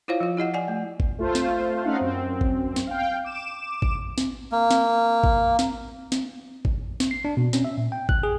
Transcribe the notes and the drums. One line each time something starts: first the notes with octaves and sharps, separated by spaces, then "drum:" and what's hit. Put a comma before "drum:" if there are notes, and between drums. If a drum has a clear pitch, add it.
E4 F4 C5 C#5 F5
F3 F4
E4 G4 D#5 F#5
D5 F#5 G#5
A3
drum: kick G#1
A3 F4 C5
drum: snare
A3 C#4 D#4 F5 F#5
F#2 C4
drum: kick G#1
drum: snare
F5 G5
D6 E7
drum: kick G#1
drum: snare
A#3
drum: snare
drum: kick G#1
drum: snare
drum: snare
drum: kick G#1
drum: snare
C7
D4
B2
C#4, drum: snare
E5
A#2
G5
F#6, drum: kick G#1
G#4